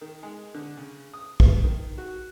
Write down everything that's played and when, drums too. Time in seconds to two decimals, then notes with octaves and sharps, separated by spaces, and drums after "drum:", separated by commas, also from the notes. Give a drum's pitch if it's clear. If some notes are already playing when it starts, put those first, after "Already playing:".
0.01 D#3
0.23 G#3
0.54 D3
0.77 C#3
1.13 D#6
1.40 B3, drum: kick
1.63 D#3
1.98 F#4